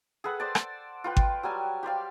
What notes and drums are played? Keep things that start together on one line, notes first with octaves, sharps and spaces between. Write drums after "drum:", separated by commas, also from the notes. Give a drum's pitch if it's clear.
G#4 A4 B4 F#5
C5 D5 A5
drum: rim click
F4 B4 G5
drum: kick G#1
F#3 G3 G#5 A5
G4 C5 D5 F5